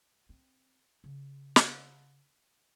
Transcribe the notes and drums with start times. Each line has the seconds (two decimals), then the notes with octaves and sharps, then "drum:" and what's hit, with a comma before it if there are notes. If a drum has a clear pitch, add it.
0.29 C4
1.04 C#3
1.56 drum: snare